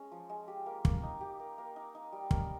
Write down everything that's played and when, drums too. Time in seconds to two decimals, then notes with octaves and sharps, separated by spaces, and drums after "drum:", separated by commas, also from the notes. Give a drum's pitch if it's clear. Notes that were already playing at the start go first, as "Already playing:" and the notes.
Already playing: G#3 C#4
0.12 F3
0.29 G#3
0.48 G4
0.66 A#3
0.85 A#3, drum: kick
1.03 D#4
1.21 G4
1.40 A#3
1.58 A#3
1.76 D#4
1.95 D#4
2.12 G3
2.31 A#4, drum: kick